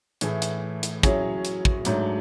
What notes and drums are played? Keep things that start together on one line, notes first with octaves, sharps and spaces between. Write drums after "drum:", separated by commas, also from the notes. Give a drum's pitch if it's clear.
A2 E3 A3 E4 G#4, drum: hi-hat
drum: hi-hat
drum: hi-hat
F#3 C#4 E4 G#4 C#5, drum: kick, hi-hat
drum: hi-hat
drum: kick
G#2 F#3 A3 D4, drum: hi-hat